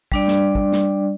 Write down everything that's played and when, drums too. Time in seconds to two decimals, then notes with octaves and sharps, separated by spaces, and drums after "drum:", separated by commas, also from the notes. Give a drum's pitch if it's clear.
0.12 G3 D4 D5, drum: kick
0.28 drum: snare
0.55 drum: kick
0.72 drum: snare